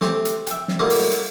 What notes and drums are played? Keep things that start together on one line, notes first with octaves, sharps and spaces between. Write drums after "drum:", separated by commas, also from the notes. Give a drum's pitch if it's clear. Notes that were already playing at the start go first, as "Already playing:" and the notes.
A3 C4 G4, drum: snare
drum: hi-hat
E5 G5, drum: hi-hat
drum: snare
F#3 G3 A3 A#3 D#4 F4
drum: open hi-hat
drum: hi-hat